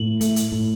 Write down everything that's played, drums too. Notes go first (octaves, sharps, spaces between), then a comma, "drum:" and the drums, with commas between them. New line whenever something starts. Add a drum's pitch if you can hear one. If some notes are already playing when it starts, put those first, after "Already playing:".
Already playing: A2 F#7
A3, drum: hi-hat
drum: hi-hat
A2